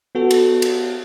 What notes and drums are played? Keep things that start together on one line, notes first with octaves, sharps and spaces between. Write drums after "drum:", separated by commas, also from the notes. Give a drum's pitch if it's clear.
B3 F#4 A4
drum: cymbal
drum: cymbal